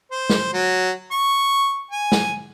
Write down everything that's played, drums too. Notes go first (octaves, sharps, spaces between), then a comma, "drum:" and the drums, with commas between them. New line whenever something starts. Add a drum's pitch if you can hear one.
C5
drum: snare
F#3
C#6
G#5
drum: snare